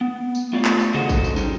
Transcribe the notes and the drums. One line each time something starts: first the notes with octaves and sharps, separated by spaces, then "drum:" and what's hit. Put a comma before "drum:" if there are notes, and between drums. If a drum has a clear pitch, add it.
B3
drum: tambourine
A3 F4 G4 C#5 D5 F5
drum: clap
drum: tambourine
F#4 G#4 A4 C5 D#5 F#5, drum: tom C3
drum: kick, tambourine
drum: tambourine
D3 G3 C#4 D#4, drum: tambourine